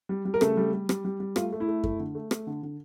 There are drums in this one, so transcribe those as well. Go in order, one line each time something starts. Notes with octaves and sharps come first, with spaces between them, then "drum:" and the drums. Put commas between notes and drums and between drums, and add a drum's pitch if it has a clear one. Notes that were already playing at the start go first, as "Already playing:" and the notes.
G3
G3
A#4
C#3 A3 A4, drum: rim click
G3
G3
G3, drum: rim click
G3
G3
A3 F4, drum: rim click
A3
E4
A3
A3, drum: kick F#2
D3
A3
A3, drum: rim click
D3
D3